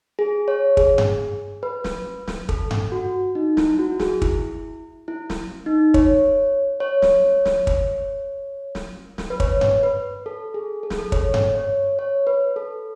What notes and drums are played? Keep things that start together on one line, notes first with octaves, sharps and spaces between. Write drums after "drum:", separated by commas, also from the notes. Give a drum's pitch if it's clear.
G#4
C#5
G#4, drum: kick
drum: tom G2
B4
drum: snare
drum: snare
A4, drum: kick
drum: tom G2
F#4
D#4
E4, drum: snare
E4
F#4
G#4, drum: snare
E4, drum: kick
E4
drum: snare
D#4
C#5, drum: kick
C#5
drum: snare
drum: snare
drum: kick
drum: snare
drum: snare
B4
C#5, drum: kick
drum: tom G2
B4
A4
G#4
A4
G#4, drum: snare
A4
C#5, drum: kick
drum: tom G2
C#5
C#5
B4
A4